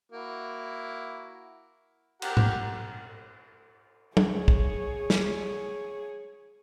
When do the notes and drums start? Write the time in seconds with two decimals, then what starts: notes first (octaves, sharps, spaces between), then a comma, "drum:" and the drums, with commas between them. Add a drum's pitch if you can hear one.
0.12 A#3 E4 F#4
2.22 G4 A#4 F#5, drum: cymbal
2.37 drum: tom G#2
4.17 G#4 C#5, drum: tom F#3
4.48 drum: kick
5.10 drum: snare